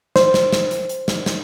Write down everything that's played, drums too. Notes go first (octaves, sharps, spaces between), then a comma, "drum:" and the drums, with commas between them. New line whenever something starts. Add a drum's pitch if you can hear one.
C5, drum: snare
drum: snare
drum: snare
drum: hi-hat
drum: hi-hat
drum: snare
drum: snare